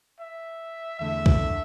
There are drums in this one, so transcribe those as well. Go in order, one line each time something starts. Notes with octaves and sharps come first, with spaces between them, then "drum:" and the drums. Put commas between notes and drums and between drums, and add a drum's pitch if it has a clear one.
E5
E2 D3 A3 E5
drum: kick C2